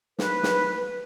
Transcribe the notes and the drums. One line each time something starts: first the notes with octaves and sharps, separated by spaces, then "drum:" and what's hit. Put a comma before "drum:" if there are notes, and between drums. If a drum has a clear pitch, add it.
B4, drum: snare
drum: snare